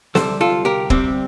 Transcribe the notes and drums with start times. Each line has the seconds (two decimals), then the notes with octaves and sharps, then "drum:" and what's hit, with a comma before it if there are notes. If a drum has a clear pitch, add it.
0.15 D2 C3 G3 A4 C5, drum: snare
0.41 F4 A4
0.65 G4 A#4
0.90 D2 C3 G3 C4, drum: kick